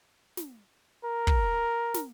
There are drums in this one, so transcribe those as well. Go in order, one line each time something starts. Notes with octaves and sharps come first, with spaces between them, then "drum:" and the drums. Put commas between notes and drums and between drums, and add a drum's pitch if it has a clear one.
drum: snare
A#4
drum: kick
drum: snare